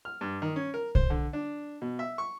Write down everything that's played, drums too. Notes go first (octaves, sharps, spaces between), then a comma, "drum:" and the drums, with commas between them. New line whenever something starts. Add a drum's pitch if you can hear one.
F6
G2
D#3
C#4
A#4
C5, drum: kick B1
D3
D4
B2
E5
C#6